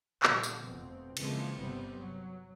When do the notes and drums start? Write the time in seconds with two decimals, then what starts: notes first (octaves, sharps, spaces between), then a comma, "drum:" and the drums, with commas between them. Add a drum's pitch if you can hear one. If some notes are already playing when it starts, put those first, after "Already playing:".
0.23 A#2 D3 F3 G3, drum: clap
0.43 drum: tambourine
0.65 F1 F2 B2 C4
1.17 C#3 E3 F3 G#3 A#3 C4, drum: cymbal
1.59 G1 G2 C3 G3 B3 C4
1.99 F#3